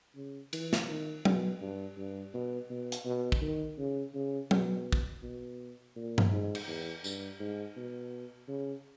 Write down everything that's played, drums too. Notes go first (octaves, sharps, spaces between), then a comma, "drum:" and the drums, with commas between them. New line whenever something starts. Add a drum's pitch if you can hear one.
C#3
E3, drum: cymbal
drum: snare
D#3
B2, drum: tom F#3
G2
G2
B2
B2
drum: hi-hat
B2
drum: kick
D#3
C#3
C#3
B2, drum: tom F#3
drum: kick
B2
A#2
drum: tom G2
G#2
drum: cymbal
E2
G2, drum: tambourine
G#2
B2
C#3